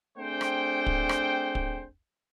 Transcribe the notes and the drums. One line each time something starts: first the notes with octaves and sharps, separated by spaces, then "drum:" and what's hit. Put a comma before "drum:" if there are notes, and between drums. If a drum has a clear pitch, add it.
A3 C4 D4 G#4 C5 G5
drum: rim click
drum: kick
drum: rim click
drum: kick